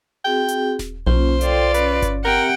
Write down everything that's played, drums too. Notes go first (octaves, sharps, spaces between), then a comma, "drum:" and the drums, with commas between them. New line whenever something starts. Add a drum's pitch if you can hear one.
C4 F#4 G#4 G5
drum: hi-hat
drum: snare D#1
B1 A#3 C#4 F4 C5
F4 A4 D5 G5, drum: hi-hat
C#4 B4 C#5, drum: hi-hat
drum: kick G1, hi-hat
C4 G4 A#4 E5 F#5 G5